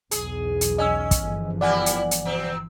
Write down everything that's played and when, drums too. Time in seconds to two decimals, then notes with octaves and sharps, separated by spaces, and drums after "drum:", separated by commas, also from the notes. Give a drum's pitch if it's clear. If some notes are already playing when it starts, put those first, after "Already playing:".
0.11 B1 E2 G#4, drum: hi-hat
0.61 drum: hi-hat
0.78 C#4 D#5 G#5 E6
1.11 drum: kick, hi-hat
1.22 G1 E3 F3
1.61 A#2 G3 E4 D5 F#5 G#5
1.86 drum: hi-hat
2.11 drum: hi-hat
2.25 B2 C4